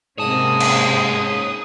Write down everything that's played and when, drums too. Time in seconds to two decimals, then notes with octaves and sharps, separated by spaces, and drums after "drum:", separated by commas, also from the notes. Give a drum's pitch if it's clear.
0.18 G#2 C3 A#3 C#4 C#5 A5 D#6
0.60 drum: cymbal